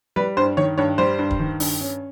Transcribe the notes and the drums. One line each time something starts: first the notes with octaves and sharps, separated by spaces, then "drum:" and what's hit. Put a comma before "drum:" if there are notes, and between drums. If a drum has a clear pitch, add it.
G3 B4
G2 C5
D#3 C#5
G2 C#5
G3 C5
G2
drum: kick
D#3
G2, drum: open hi-hat
C#4